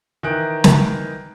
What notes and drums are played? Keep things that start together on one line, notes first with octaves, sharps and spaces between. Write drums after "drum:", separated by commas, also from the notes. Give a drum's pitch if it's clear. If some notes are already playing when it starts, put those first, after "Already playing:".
D#3 E3 F#6 D7
drum: snare